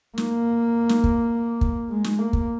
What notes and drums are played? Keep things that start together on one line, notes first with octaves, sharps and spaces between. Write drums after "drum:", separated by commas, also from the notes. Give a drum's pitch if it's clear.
A#3, drum: snare
drum: snare
drum: kick
drum: kick
G#3
drum: snare
A#3
drum: kick